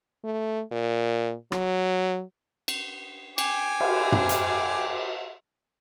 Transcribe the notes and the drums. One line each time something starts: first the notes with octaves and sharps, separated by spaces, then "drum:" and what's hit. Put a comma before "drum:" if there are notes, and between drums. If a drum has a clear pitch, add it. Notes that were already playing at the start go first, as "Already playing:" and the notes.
A3
A#2
F#3, drum: rim click
drum: cymbal
G5 G#5 D6, drum: cymbal
drum: cymbal
drum: tom
drum: hi-hat